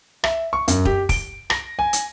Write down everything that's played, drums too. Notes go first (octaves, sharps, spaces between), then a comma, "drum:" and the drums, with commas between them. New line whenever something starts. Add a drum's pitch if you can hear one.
E5, drum: rim click
C#6
F#2, drum: hi-hat
G4, drum: kick
D7, drum: kick, open hi-hat
A#6, drum: rim click
G#5
drum: hi-hat